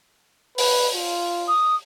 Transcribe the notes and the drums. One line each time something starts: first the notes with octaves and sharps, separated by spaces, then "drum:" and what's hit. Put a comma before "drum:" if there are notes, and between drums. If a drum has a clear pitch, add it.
B4, drum: open hi-hat
F4
D#6